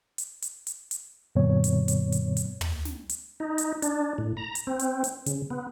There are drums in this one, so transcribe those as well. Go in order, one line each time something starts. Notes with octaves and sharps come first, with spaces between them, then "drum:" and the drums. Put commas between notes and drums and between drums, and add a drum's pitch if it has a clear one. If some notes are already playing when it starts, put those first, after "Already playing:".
drum: hi-hat
drum: hi-hat
drum: hi-hat
drum: hi-hat
F#2 A#2 D3 F#3 B3 C#5
drum: hi-hat
drum: hi-hat
drum: hi-hat
drum: hi-hat
drum: tom
drum: snare
drum: hi-hat
D#4
drum: hi-hat
D4, drum: hi-hat
A2
A#5
drum: hi-hat
C4
drum: hi-hat
drum: hi-hat
C#3, drum: hi-hat
B3